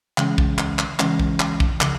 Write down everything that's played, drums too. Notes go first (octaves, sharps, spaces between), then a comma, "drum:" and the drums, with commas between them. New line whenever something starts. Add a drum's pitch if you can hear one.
C#3 E3 G#3 C#4, drum: clap
drum: kick
drum: clap
drum: clap
C#3 E3 G#3 C#4, drum: clap
drum: kick
drum: clap
drum: kick
C#3 F3, drum: clap